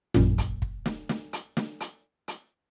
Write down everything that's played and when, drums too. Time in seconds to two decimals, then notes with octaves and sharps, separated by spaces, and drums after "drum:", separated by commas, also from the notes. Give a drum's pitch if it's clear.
0.14 A1 F#2 A#2, drum: snare
0.38 drum: kick, hi-hat
0.62 drum: kick
0.86 drum: snare
1.09 drum: snare
1.33 drum: hi-hat
1.57 drum: snare
1.80 drum: hi-hat
2.28 drum: hi-hat